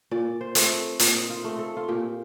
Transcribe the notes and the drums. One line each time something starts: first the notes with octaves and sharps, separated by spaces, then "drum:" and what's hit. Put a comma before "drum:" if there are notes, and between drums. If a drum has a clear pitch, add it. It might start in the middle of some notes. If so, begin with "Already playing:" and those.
A#2 D5
C5
A3 C4, drum: hi-hat
A#2 D#4, drum: hi-hat
F4
A3 C4
A4
F4
A#2 G4